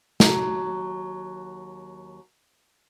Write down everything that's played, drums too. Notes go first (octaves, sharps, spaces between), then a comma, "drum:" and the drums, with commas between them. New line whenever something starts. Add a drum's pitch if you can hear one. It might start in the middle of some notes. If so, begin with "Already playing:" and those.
D#2 F#3, drum: snare